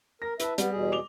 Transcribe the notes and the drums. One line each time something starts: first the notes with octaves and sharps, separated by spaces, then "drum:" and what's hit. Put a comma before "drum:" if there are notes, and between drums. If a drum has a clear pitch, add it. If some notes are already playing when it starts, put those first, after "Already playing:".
A#4 A#6
E4 B4 E5 A5, drum: hi-hat
G3 B3, drum: hi-hat
E2 B2 G#4
D6 F7 G7